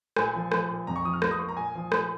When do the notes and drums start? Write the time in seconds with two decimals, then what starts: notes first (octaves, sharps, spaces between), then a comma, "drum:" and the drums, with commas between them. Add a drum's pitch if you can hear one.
0.16 A#2 G#5, drum: rim click
0.35 F3
0.52 F3, drum: rim click
0.70 A#2
0.87 F2 A#5
0.96 C#6
1.05 F3 D#6
1.13 F6
1.22 A#3 A#6, drum: rim click
1.31 D#6
1.39 A#3 C#6
1.48 A#5
1.57 A#2 G#5
1.75 F3
1.92 A#2, drum: rim click